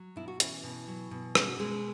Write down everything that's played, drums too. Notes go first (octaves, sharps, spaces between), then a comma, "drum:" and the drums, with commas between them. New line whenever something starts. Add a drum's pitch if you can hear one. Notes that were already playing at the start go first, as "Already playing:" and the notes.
Already playing: F#3
B2 E4
F#4
E3 C#4 E4, drum: hi-hat
B2
F#3
B2
C#4 G#4, drum: rim click
F#4
B2 G#3 G#4